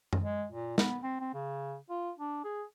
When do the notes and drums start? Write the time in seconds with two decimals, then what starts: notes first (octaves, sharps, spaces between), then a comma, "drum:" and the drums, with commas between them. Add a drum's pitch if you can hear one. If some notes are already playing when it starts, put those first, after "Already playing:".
0.13 drum: tom F#2
0.23 G#3
0.52 A#2
0.78 B3, drum: snare
1.03 C4
1.20 C4
1.34 C#3
1.90 F4
2.18 D4
2.44 G#4